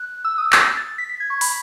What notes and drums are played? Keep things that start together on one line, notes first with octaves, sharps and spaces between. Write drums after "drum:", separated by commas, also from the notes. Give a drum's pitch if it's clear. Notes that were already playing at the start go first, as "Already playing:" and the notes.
Already playing: F#6
E6
D#6
E6, drum: clap
A6
B6
B6
G#6
C#6
B5, drum: open hi-hat